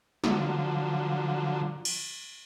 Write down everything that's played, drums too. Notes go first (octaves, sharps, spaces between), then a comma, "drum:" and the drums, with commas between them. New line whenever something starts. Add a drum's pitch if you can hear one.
D3 F3 F#3, drum: snare
drum: cymbal